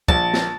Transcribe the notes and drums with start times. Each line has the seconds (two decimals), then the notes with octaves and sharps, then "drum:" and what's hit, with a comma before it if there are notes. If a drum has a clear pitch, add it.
0.08 A#1 A5, drum: kick
0.34 drum: snare A#4